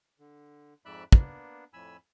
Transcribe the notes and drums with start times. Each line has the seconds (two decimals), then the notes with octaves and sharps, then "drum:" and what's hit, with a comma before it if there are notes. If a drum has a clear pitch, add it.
0.19 D3
0.85 F2 G#2 D5 E5 B5 F#6
1.12 A#3 B3 D4, drum: kick
1.73 F2 A2 G#5 B5 E6